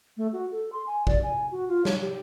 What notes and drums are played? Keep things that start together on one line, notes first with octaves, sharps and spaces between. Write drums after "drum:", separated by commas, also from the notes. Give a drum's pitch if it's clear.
A3
F#4
A4
C6
G#5
D5, drum: kick
G#5
F#4
F4
C#5, drum: snare
G4